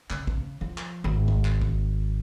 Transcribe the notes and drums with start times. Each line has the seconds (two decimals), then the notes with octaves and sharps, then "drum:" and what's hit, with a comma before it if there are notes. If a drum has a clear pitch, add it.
0.10 C#3, drum: clap
0.27 drum: kick
0.61 F3
0.78 drum: clap
1.04 G#1
1.28 drum: kick
1.45 drum: clap
1.61 drum: kick